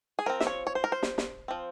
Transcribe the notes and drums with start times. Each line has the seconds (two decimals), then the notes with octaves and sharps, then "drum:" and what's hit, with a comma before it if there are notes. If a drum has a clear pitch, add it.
0.19 G#4
0.26 F3 C4 A#4
0.40 E5, drum: snare
0.47 C#5
0.67 C#5
0.75 C5
0.84 A#4
0.92 C5
1.03 drum: snare
1.18 drum: snare
1.48 F3 C4